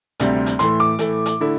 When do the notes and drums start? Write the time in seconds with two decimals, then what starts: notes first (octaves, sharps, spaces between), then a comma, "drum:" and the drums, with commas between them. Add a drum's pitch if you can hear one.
0.20 D2 C3 G3 C4, drum: hi-hat
0.46 drum: hi-hat
0.59 A2 E3 A3 C6, drum: hi-hat
0.80 D6
0.99 A2 E3 A3, drum: hi-hat
1.26 drum: hi-hat
1.41 D3 A3 E4